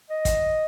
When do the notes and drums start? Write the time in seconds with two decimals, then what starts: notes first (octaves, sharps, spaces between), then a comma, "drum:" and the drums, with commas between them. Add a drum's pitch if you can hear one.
0.10 D#5
0.25 drum: kick, hi-hat